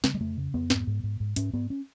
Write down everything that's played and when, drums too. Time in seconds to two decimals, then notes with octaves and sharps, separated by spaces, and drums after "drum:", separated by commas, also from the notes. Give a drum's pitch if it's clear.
0.04 C#3 G#3, drum: snare
0.14 G#3
0.20 F2 A3
0.37 C#3
0.54 F2 B3
0.70 G#2, drum: snare
0.87 G#2
1.03 G#2
1.20 G#2
1.36 G#2 C#4, drum: hi-hat
1.53 G#2 B3
1.70 C#4